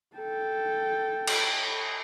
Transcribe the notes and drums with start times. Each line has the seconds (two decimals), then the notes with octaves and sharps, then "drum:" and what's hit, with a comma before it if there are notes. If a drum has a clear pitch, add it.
0.17 A4 G5
1.27 drum: cymbal